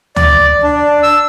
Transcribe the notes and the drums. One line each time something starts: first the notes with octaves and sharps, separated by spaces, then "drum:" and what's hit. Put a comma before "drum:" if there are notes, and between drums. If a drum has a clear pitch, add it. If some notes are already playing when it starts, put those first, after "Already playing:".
D5, drum: tom D2
D4
E6